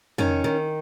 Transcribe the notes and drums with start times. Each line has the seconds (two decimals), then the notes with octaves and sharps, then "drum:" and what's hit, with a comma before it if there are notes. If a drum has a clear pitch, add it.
0.18 D#3 C#4, drum: tom F2
0.44 D#3